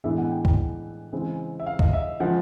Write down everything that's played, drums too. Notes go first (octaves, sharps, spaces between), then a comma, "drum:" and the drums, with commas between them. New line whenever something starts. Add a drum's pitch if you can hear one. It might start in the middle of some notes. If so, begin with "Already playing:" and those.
A2 E3 G#3 B3 D4 E5
F#5
G5
G5, drum: kick C#2
C#3 E3 G#3 C4
E5
F5
D#5, drum: kick C#2
E5
C#3 F3 G#3 F#5